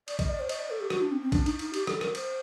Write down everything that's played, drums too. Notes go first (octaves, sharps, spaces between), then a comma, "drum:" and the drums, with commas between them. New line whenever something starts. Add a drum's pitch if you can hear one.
D5, drum: cymbal
D#5, drum: kick A#1, cymbal
D5
C5
D#5, drum: cymbal
D5
A4
G4
F#4, drum: rim click
D4
C4
C4
D4, drum: kick A#1, cymbal
D#4, drum: cymbal
D#4, drum: cymbal
G4, drum: cymbal
A4, drum: rim click
A#4, drum: rim click
C5, drum: cymbal